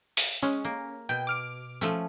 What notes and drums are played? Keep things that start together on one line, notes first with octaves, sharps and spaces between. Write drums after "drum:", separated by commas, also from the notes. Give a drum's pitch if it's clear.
drum: open hi-hat
G#3 C#4
A#3
B2 G5
D6 F6 D7
F3 A3 C#4